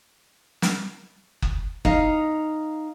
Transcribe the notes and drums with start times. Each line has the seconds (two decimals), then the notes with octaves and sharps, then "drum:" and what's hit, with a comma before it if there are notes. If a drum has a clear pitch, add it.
0.62 drum: snare
1.42 drum: kick F#1
1.85 D#4 F5, drum: kick F#1